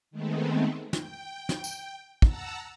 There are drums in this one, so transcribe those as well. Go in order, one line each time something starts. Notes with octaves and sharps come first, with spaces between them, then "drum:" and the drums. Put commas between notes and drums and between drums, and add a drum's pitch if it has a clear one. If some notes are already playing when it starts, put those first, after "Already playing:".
D#3 G#3 A3 B3 C4
G5, drum: snare
drum: snare
drum: tambourine
F#5 A5 A#5 E6, drum: kick